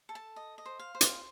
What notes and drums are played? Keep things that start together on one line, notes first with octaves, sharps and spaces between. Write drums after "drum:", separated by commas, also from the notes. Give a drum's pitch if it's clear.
A4
A5
D#5
D#5
C5
F5
C5
F5, drum: hi-hat